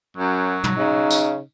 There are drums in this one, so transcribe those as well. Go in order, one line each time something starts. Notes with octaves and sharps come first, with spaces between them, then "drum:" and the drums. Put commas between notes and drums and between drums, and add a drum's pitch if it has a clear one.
F#2 F#3
drum: tom
C#3 D#4
drum: tambourine